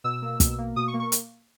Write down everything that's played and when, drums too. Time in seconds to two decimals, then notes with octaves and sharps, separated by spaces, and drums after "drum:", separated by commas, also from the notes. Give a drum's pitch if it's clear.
0.04 B2 E6
0.22 A#3
0.40 B2, drum: kick, hi-hat
0.58 A#3
0.76 B2 D#6
0.88 C#6
0.94 A#3
1.00 C#6
1.12 drum: hi-hat